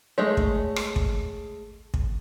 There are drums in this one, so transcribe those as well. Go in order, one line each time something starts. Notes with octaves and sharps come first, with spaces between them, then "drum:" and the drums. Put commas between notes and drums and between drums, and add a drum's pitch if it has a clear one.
G#3 A3 C#5
drum: kick
drum: rim click
drum: kick
drum: kick